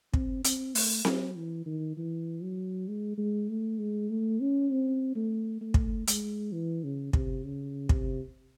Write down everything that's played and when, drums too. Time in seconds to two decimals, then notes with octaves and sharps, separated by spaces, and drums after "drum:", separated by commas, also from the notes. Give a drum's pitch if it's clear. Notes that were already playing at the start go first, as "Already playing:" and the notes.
0.14 C4, drum: kick
0.44 C4, drum: hi-hat
0.75 A3, drum: open hi-hat
1.05 F#3, drum: snare C4
1.36 E3
1.66 D#3
1.97 E3
2.42 F#3
2.88 G#3
3.18 G#3
3.49 A3
3.78 G#3
4.10 A3
4.40 C#4
4.71 C4
5.16 A3
5.61 A3
5.74 drum: kick
6.07 G#3, drum: hi-hat
6.53 E3
6.84 C#3
7.13 C3, drum: kick
7.44 C#3
7.89 C3, drum: kick